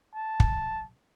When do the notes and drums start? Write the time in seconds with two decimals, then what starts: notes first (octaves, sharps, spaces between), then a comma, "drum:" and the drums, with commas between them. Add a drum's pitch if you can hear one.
0.15 A5
0.40 drum: kick